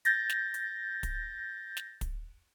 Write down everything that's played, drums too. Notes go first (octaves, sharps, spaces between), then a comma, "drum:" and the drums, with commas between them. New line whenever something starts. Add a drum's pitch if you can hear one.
G6 A6 A#6, drum: hi-hat
drum: snare
drum: hi-hat
drum: kick, hi-hat
drum: snare
drum: kick, hi-hat